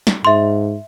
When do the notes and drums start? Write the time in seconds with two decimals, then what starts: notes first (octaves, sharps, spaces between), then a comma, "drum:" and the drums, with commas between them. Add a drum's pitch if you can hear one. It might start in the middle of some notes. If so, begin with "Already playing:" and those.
0.07 drum: snare
0.25 G#2 E5 C6